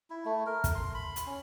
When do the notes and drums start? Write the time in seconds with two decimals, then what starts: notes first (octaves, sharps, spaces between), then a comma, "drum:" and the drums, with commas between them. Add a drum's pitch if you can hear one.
0.10 E4
0.25 A3
0.46 A#4
0.64 drum: kick, hi-hat
0.75 C6
0.94 B5
1.16 drum: hi-hat
1.27 C#4